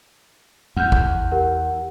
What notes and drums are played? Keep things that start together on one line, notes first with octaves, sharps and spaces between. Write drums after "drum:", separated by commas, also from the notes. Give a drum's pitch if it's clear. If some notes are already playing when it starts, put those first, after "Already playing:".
E2 F#5 F6 G6
drum: kick G#1
G4 A#4 F#5